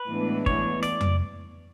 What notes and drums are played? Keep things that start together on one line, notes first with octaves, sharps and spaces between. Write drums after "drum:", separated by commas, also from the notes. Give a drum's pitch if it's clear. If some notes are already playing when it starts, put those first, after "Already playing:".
Already playing: B4
A2 E3 G#3 B3 D4
C#5, drum: kick
D5, drum: rim click
drum: tom F2